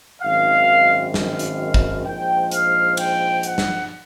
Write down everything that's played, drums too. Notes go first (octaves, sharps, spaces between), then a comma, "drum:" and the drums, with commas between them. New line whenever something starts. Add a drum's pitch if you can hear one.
G#1 F#2 D#3 F5
F5, drum: snare
drum: hi-hat
drum: kick
A#1 G#2 F3 G5
F5, drum: hi-hat
G5, drum: cymbal
F#5, drum: hi-hat
drum: snare